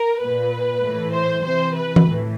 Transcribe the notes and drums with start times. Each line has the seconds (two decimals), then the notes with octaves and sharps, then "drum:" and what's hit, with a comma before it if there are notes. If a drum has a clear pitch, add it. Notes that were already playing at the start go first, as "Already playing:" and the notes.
Already playing: A#4
0.23 A#2 B4
0.84 A2 E3
1.14 C5
1.45 C3 E3 C5
1.75 B4
1.96 drum: tom E3
2.05 A2 E3